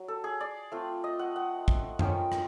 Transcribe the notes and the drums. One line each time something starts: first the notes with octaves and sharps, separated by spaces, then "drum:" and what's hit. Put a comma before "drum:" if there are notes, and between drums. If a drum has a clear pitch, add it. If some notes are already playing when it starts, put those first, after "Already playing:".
Already playing: F#3
A4
G#4
D5
A3 C4 F4
D#5
F#5
F#5
drum: kick
F3 A#3 C#4 G5, drum: tom F#2
drum: rim click